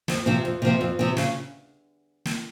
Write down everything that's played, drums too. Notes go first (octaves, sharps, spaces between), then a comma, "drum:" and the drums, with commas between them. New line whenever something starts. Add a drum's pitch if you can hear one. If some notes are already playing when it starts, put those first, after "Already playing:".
F2, drum: snare
C3 F3 C4
F2
C3 F3 C4
F2
C3 F3 C4
C#3, drum: snare
drum: snare